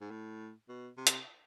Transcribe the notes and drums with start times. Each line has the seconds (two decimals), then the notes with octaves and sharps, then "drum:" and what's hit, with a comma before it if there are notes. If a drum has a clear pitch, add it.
0.01 G#2
0.11 A2
0.69 B2
0.97 C3
1.07 drum: hi-hat